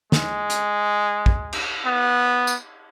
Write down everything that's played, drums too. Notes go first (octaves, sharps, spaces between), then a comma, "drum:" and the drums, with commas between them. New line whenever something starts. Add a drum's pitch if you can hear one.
G#3, drum: snare
drum: hi-hat
drum: kick
drum: cymbal
B3
drum: tambourine